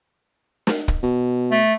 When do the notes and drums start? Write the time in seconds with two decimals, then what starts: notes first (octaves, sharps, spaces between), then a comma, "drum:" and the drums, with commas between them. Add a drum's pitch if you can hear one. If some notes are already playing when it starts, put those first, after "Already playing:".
0.67 drum: snare
0.88 drum: kick
1.03 B2
1.51 A3